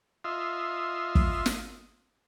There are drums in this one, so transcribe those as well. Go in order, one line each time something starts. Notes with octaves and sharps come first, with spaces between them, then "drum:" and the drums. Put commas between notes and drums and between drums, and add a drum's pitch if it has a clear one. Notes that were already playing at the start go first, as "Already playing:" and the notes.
F4 D#5 E5 C6
drum: kick
drum: snare